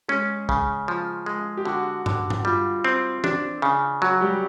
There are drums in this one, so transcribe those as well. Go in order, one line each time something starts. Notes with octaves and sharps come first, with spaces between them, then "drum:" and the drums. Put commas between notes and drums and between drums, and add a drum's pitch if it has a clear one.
G#3 C#4 G#4
C#3, drum: kick
F3
G#3
G4
D3 F#4
D3, drum: tom G2
drum: tom G2
G3 F4
C4
D4, drum: tom E3
C#3
F#3 F#4
G3 G4